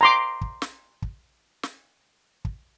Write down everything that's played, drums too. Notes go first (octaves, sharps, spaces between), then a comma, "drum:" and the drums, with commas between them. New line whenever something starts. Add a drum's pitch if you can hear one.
A#5 C6 D6
drum: kick
drum: snare
drum: kick
drum: snare
drum: kick